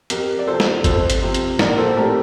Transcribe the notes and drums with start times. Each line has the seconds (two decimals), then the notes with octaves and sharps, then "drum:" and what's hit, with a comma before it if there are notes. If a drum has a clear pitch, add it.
0.10 F2 G4 A#4, drum: hi-hat
0.39 D5
0.47 C3 F3 C4 A4 C5
0.60 drum: snare
0.84 F2 A4 C5, drum: kick G1, hi-hat
1.10 drum: hi-hat
1.22 C3 F3 C4
1.34 drum: hi-hat
1.59 A#1 A#4 D5, drum: snare
1.78 A4 C5
1.96 A2 A3 C4 G4 A#4